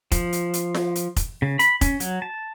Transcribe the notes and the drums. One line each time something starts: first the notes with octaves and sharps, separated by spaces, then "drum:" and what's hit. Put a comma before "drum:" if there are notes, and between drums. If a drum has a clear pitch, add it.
F3, drum: kick F1, hi-hat
drum: hi-hat
drum: hi-hat
drum: snare F4
drum: hi-hat
drum: kick F1, hi-hat
C#3
B5, drum: hi-hat
C#4, drum: kick F1, hi-hat
F#3, drum: hi-hat
A5